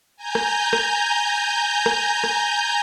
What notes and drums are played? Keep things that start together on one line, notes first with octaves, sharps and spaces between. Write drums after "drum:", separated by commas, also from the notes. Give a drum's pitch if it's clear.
G#5 A#5 G6
drum: rim click
drum: rim click
drum: rim click
drum: rim click